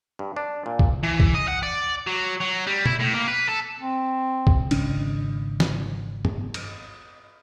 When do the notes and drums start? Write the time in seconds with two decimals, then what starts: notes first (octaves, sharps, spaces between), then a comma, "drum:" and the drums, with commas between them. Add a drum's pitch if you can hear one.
0.19 G2
0.36 D4
0.66 A#2
0.79 drum: kick
1.03 E3
1.20 drum: kick
1.34 D#5
1.47 F#5
1.63 D5
2.07 F#3
2.40 F#3
2.67 G3
2.86 E4, drum: tom
3.00 A2
3.13 A#3
3.28 B4
3.48 A4
3.80 C4
4.47 drum: kick
4.71 G#1 C#3 C#4 D4, drum: cymbal
5.60 drum: snare
6.25 drum: tom
6.54 drum: cymbal